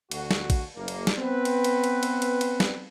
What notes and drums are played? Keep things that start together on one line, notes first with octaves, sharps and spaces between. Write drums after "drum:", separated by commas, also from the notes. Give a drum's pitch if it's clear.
D2 F#4, drum: cymbal
drum: snare
drum: kick A#1, cymbal
F#1 A#3
drum: cymbal
drum: snare
B3 C4 B4
drum: cymbal
drum: cymbal
drum: cymbal
drum: cymbal
drum: cymbal
drum: cymbal
drum: snare